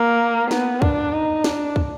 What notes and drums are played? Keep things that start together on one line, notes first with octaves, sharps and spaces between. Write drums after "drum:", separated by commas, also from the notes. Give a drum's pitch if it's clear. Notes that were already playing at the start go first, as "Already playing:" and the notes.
Already playing: A#3
B3, drum: snare
D4, drum: kick
D#4
D4, drum: snare
drum: kick